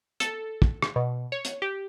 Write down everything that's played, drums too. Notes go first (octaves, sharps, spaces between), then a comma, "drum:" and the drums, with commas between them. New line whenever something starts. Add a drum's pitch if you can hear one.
A4, drum: hi-hat
drum: kick
drum: rim click
B2
C#5
drum: hi-hat
G4